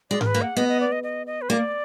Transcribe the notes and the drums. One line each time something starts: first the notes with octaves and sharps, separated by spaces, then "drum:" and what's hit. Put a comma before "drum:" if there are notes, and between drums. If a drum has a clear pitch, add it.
G#3 D5
A#4, drum: tom G#2
B4
A#3
F#5
B3 D#5
D#5
D5
D#5
D#5
D#5
B4
A#3 D5